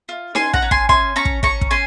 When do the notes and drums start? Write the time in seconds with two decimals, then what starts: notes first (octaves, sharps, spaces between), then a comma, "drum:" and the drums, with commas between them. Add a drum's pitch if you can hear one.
0.09 F4
0.35 C#4 G#5 C6, drum: snare D#4
0.54 F#5 A#5, drum: kick
0.62 C#4
0.71 G#5 C6, drum: kick
0.89 C#4 G#5 C6, drum: kick
1.16 C#4 A#5 C#6
1.25 drum: kick
1.43 C#4 A#5 C#6, drum: kick
1.61 drum: kick
1.71 C#4 G#5 C6